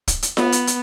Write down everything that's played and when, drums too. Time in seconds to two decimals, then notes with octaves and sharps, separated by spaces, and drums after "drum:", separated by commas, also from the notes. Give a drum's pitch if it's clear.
0.08 drum: kick, hi-hat
0.22 drum: hi-hat
0.37 B3, drum: snare F4
0.52 drum: hi-hat
0.67 drum: hi-hat